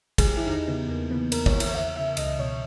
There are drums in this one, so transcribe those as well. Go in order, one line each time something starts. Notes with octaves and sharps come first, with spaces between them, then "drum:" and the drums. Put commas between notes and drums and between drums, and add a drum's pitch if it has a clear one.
G#4, drum: kick, cymbal
G4
E4
E2 D#4
C#3 E3 B3
E2 A#3
C#3 E3 B3
E2 A#4, drum: cymbal
C#5, drum: kick
C#3 E3
E5, drum: cymbal
E2 E5
C#3 E3 E5
C#2 D#5, drum: cymbal
B2 C#5